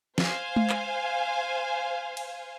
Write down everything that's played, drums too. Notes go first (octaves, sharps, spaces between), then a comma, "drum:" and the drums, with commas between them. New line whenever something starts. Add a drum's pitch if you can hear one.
C5 F5 G#5, drum: snare
drum: tom G#3
drum: clap
drum: cymbal